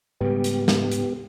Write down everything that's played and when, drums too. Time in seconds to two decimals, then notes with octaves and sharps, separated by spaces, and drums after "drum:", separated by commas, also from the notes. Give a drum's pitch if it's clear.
0.21 G#2 C#3 G3 B3 G4
0.44 drum: hi-hat
0.68 drum: snare
0.92 drum: hi-hat